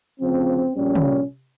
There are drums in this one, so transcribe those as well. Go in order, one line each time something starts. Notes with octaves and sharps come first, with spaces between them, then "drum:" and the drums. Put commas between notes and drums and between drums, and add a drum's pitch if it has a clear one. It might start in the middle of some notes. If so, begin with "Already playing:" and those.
D2 C#3 F3 C4
A#1 A#2 G3 C#4
drum: tom